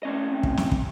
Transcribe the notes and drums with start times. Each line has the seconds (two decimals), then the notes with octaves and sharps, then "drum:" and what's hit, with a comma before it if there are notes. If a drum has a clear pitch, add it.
0.03 A2 C#4 D#5
0.29 C4
0.43 drum: kick
0.57 drum: snare
0.71 drum: kick